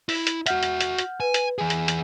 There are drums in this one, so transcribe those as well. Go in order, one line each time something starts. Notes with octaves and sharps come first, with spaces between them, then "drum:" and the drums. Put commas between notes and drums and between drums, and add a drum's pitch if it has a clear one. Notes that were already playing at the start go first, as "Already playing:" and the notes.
E4, drum: open hi-hat
drum: hi-hat
F#4 E5 F#5 F6 G6, drum: hi-hat
drum: hi-hat
drum: hi-hat
drum: hi-hat
B4 G#5
drum: hi-hat
E3 G#4 G#5
drum: hi-hat
drum: hi-hat